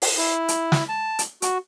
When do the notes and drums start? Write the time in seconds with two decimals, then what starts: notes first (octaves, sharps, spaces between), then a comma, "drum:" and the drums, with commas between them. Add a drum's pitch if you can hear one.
0.02 drum: open hi-hat
0.18 E4
0.48 drum: hi-hat
0.72 drum: snare
0.89 A5
1.19 drum: hi-hat
1.42 F#4, drum: hi-hat